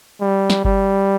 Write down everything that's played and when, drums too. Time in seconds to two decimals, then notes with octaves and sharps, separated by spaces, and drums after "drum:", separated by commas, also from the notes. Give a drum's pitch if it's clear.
0.21 G3
0.50 drum: snare
0.65 G3, drum: kick G1